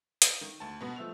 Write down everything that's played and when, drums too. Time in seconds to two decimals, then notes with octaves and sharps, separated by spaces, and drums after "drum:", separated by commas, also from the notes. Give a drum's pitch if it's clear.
0.22 D#6, drum: hi-hat
0.41 D#3
0.60 D2 A5
0.81 B2 B3
0.96 F3 A3 E6 F7